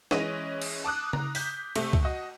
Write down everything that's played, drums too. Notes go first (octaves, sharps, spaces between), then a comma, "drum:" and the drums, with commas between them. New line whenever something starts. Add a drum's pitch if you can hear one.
E3 G#3 C#4 D#5 A#6 D#7, drum: snare
drum: cymbal
A5 D6 D#6 F#6
A#5, drum: tom C#3
G6 B6, drum: open hi-hat
C3 A3, drum: cymbal
drum: kick C#2
F#4 D#5